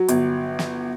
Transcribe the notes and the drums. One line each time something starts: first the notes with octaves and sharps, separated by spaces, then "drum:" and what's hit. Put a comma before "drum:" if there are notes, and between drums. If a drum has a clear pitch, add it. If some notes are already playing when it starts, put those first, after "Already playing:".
Already playing: F#3
G1, drum: hi-hat
drum: snare